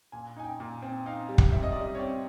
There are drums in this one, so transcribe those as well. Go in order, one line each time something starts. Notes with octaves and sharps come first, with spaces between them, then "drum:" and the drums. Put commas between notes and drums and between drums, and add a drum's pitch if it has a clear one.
A#2 G#5
D#4 G#5
G5
A#2
C4
D#4 F5
G3
drum: kick
C4 E5
D#5
G3 D5
D#5
C#5
C4 D5